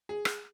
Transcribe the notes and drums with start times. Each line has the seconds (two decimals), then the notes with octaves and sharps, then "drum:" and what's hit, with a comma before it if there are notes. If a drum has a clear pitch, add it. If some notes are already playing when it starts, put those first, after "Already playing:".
0.09 G#4
0.25 drum: rim click